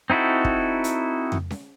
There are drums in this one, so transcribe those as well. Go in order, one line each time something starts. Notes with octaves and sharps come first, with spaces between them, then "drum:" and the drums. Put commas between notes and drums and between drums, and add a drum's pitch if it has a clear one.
C4 D#4 E4 F#4 A4
drum: kick
drum: hi-hat
drum: tom F2
drum: snare C#4